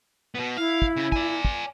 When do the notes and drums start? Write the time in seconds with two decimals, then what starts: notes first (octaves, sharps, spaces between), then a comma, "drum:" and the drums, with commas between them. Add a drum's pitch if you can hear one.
0.35 B2 B3
0.57 E4 F5
0.82 drum: kick
0.96 C#3
1.12 D5 G#5, drum: kick
1.45 drum: kick